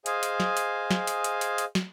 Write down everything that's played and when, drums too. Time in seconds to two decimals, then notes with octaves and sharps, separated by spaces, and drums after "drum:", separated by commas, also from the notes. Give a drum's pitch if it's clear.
0.06 G#4 C5 D#5 F5 G#5, drum: hi-hat
0.23 drum: hi-hat
0.40 drum: snare
0.57 drum: hi-hat
0.91 drum: snare
1.07 drum: hi-hat
1.24 drum: hi-hat
1.41 drum: hi-hat
1.58 drum: hi-hat
1.75 drum: snare